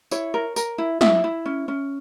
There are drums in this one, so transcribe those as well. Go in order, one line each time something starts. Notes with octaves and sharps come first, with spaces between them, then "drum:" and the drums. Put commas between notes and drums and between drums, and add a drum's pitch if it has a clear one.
E4 C#5, drum: tambourine
A#4
A#4, drum: tambourine
E4
E4 E5, drum: snare
E4
C#4
C#4